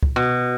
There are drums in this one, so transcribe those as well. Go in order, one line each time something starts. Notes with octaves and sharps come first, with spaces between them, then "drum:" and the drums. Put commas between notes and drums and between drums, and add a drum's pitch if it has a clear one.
drum: kick C#2
B2